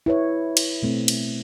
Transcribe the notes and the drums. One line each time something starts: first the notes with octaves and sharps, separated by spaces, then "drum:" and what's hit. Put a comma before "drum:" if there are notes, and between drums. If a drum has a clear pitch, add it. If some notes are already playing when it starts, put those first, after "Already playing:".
E4 B4 C#5
drum: cymbal
B2 A3 C4
drum: cymbal